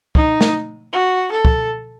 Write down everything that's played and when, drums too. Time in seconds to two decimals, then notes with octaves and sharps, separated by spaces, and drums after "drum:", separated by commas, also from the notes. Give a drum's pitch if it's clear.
0.15 D#4, drum: kick
0.41 drum: snare
0.93 F#4
1.31 A4
1.45 drum: kick